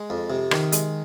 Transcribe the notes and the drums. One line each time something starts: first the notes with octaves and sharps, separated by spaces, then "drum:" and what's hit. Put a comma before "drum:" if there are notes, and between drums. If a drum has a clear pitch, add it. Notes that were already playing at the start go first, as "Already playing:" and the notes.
Already playing: G#3
F2
C3
D#3, drum: rim click
G#3, drum: hi-hat